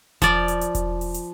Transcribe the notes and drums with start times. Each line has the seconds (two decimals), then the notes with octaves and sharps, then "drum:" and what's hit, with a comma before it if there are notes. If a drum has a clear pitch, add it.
0.22 F3 D5, drum: kick E1, hi-hat
0.48 drum: hi-hat
0.61 drum: hi-hat
0.75 drum: kick E1, hi-hat
1.01 drum: open hi-hat
1.14 drum: hi-hat